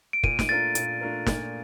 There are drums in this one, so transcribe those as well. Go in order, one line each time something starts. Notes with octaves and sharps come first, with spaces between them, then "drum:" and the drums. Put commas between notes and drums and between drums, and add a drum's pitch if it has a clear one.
D7
A#2 D#7, drum: kick
drum: snare
A3 D4 F4 A#4 A6
A#2, drum: hi-hat
A3 D4 F4 A#4
A#2, drum: snare